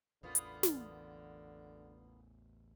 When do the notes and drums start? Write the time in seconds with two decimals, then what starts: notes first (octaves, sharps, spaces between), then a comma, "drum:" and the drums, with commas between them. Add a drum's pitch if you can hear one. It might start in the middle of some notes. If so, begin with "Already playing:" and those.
0.23 A1 E2 D3 A#3 B3 F4
0.35 drum: hi-hat
0.63 drum: snare